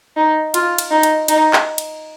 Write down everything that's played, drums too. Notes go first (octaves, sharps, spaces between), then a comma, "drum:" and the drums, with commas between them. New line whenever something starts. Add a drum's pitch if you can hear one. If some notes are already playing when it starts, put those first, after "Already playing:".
D#4
F4, drum: cymbal
drum: cymbal
D#4
drum: cymbal
D#4, drum: cymbal
drum: clap
drum: cymbal